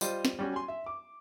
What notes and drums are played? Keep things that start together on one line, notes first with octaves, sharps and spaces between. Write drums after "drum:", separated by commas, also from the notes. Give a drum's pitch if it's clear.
G3 F4 C5 D#5, drum: tambourine
drum: snare
G3 C#4 F#4
G#5 C6
E5
D6